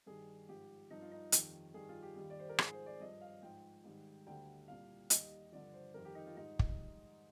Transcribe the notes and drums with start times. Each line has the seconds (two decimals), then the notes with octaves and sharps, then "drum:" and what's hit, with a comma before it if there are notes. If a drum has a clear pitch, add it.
0.06 G2 D#3 G3 G#4
0.49 G#2 F3 G4
0.91 G2 F3 D#4
1.02 F4
1.12 D#4
1.32 F2 D#3 G3, drum: hi-hat
1.74 G2 D#3 G3 G#4
1.89 F4
2.02 G4
2.16 D#2 D#3 G3
2.30 D5
2.40 C5
2.49 A#4
2.58 G#2 F3 G#4, drum: rim click
2.73 C5
2.86 D5
3.00 G2 F3 D#5
3.21 F5
3.42 G#2 F3 G5
3.84 G#2 D#3 G3
4.27 D2 D3 G3 G5
4.68 C2 A#2 G3 F5
5.10 D#2 D#3 G3 D#5, drum: hi-hat
5.52 G2 D3 F3 D5
5.74 C5
5.94 F2 D#3 G3 A#4
6.05 G4
6.15 D#4
6.26 F4
6.37 G#2 G3 D#4
6.59 drum: kick